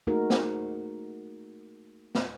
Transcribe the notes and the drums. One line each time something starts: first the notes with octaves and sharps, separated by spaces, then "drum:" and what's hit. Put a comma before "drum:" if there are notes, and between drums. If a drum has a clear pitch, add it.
A3 A#3 D#4 F#4 G#4 A#4
drum: snare
drum: snare